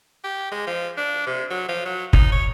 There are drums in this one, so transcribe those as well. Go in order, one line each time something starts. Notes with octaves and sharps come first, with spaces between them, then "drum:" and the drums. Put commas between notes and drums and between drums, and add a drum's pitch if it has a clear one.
G4
G#3
F3
D4
C3
F#3
F3
F#3
D#4, drum: kick
C#5